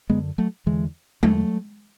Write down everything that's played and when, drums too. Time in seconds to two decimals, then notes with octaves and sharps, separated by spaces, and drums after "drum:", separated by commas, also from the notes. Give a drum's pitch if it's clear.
0.10 F#2 D3 G#3 B3
0.38 F#3 A3
0.66 E2 D3 E3 G#3
1.23 E2 D3 F#3 A3, drum: tom G#3